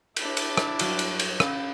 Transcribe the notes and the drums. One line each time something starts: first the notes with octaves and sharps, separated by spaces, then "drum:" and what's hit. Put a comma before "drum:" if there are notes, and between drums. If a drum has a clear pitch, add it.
D4 E4 B6, drum: cymbal
drum: cymbal
drum: rim click
G2 F#3, drum: cymbal
drum: cymbal
drum: cymbal
C#4 F5 B5, drum: rim click